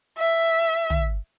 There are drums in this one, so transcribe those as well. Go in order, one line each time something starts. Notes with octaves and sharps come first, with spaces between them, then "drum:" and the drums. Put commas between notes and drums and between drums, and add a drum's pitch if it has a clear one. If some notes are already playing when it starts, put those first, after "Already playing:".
E5
drum: tom